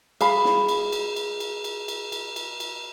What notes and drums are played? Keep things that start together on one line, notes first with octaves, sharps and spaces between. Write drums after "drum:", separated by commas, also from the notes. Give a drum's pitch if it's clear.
G#4 F5 B5, drum: cymbal
drum: snare
drum: cymbal
drum: cymbal
drum: cymbal
drum: cymbal
drum: cymbal
drum: cymbal
drum: cymbal
drum: cymbal
drum: cymbal